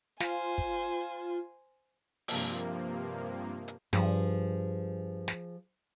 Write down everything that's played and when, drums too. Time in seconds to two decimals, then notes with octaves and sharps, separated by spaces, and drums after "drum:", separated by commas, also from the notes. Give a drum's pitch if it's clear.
0.20 F4 C5 G#5, drum: snare
0.58 drum: kick
2.28 G2 C3 F3 A#3, drum: open hi-hat
3.68 drum: hi-hat
3.93 G2 F3 G#4, drum: snare
5.28 drum: snare